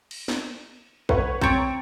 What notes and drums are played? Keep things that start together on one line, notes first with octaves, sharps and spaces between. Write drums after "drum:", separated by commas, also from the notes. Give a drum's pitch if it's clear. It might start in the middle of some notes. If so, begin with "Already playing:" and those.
drum: cymbal
drum: snare
B4 C#5 F#5, drum: kick A#1
C4 C#5 A#5 A6 D7, drum: kick A#1